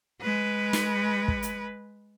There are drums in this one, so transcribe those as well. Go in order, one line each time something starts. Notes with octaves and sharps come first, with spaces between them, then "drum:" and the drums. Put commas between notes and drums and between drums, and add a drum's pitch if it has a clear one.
G#3 B4
drum: snare
drum: kick
drum: hi-hat